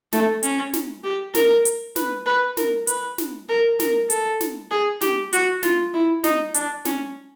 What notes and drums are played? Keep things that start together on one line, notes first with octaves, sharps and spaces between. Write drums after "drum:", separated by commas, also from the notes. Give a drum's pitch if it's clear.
A3, drum: snare
C#4, drum: hi-hat
drum: snare
G4
A#4, drum: snare
drum: hi-hat
B4, drum: snare
B4
A#4, drum: snare
B4, drum: hi-hat
drum: snare
A#4
A#4, drum: snare
A4, drum: hi-hat
drum: snare
G#4
G4, drum: snare
F#4, drum: hi-hat
F4, drum: snare
E4
D#4, drum: snare
D4, drum: hi-hat
C#4, drum: snare